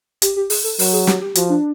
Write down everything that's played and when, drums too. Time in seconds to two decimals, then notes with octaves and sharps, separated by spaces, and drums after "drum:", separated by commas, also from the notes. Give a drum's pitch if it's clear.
0.22 G4, drum: hi-hat
0.36 G4
0.50 G#4, drum: open hi-hat
0.64 A4
0.79 F#3 A#4, drum: open hi-hat
0.93 G#4
1.07 G4, drum: snare
1.21 G4
1.35 F3 F#4, drum: hi-hat
1.50 D4